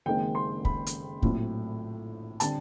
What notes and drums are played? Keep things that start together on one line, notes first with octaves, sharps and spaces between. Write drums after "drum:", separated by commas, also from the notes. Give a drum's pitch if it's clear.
F#1 F#2 D#3 G#3 C4 G5
C6
B5, drum: kick
drum: hi-hat
A#1 A2 F#3 A3 C4, drum: kick
D3 G3 C4 A5, drum: hi-hat